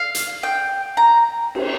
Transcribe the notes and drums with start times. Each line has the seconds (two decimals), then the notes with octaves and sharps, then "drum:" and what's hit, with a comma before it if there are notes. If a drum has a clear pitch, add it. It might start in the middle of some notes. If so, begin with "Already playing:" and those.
Already playing: F5
0.15 drum: hi-hat
0.43 G5
0.97 A#5
1.55 drum: cymbal